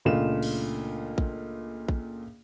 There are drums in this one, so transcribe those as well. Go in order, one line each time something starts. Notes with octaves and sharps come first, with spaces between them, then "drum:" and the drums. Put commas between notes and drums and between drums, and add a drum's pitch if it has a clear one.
C#2 A#2 A3 D4 F4 E7
drum: cymbal
drum: kick A#1
drum: kick A#1